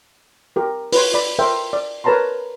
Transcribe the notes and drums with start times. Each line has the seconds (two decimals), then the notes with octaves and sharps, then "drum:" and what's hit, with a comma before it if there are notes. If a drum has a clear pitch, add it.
0.56 G4 A#4
0.92 B4 C#5 C6, drum: open hi-hat
1.14 D5 B5
1.39 A#4 C5 E5 G5
1.73 D5
2.04 A#4 B4 C#5 A5 A#5 C6